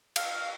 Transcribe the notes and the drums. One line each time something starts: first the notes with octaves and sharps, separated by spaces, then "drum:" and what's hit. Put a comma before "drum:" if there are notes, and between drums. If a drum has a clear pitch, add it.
F5, drum: cymbal